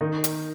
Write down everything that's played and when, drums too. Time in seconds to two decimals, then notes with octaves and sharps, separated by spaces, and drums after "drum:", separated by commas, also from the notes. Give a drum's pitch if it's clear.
0.01 D#3 D#4
0.24 drum: hi-hat